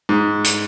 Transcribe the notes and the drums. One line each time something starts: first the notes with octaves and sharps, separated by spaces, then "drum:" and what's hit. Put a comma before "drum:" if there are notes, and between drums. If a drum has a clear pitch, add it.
G#2
drum: hi-hat